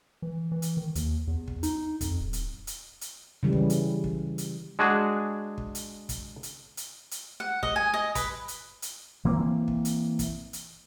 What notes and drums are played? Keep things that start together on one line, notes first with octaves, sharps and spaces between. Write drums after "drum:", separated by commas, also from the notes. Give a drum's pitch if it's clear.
E3
E3
drum: hi-hat
D#3
D#2, drum: hi-hat
E2
drum: kick
D#4, drum: hi-hat
F2, drum: kick, hi-hat
D1
drum: hi-hat
drum: hi-hat
drum: hi-hat
C#3 E3 G3
drum: kick
drum: hi-hat
drum: kick
drum: hi-hat
G#3 D4 F#4 G#4
drum: kick
drum: hi-hat
drum: kick, hi-hat
drum: hi-hat
drum: hi-hat
drum: hi-hat
F#5
D#5, drum: kick
G#5
D#5
B4, drum: kick, hi-hat
drum: hi-hat
drum: hi-hat
E3 A#3 C4
drum: kick
drum: hi-hat
drum: kick, hi-hat
drum: hi-hat